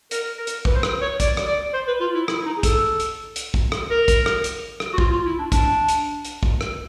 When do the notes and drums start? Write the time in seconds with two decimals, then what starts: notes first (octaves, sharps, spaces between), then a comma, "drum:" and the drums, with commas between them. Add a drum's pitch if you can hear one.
0.11 A#4, drum: hi-hat
0.38 A#4
0.47 drum: hi-hat
0.65 B4, drum: kick
0.75 C5
0.83 B4, drum: rim click
1.01 C#5
1.20 D5, drum: kick, hi-hat
1.37 drum: rim click
1.46 D5
1.73 C5
1.87 B4
2.00 F4
2.14 E4
2.28 E4, drum: rim click
2.46 D#4
2.57 G#4
2.63 A4, drum: kick, hi-hat
3.00 drum: hi-hat
3.36 drum: hi-hat
3.54 drum: kick
3.72 drum: rim click
3.90 A#4
4.08 drum: kick, hi-hat
4.26 drum: rim click
4.44 drum: hi-hat
4.80 drum: rim click
4.93 F#4
4.98 F4, drum: kick
5.12 F4
5.26 E4
5.39 D4
5.52 D4, drum: kick, hi-hat
5.88 drum: hi-hat
6.25 drum: hi-hat
6.43 drum: kick
6.61 drum: rim click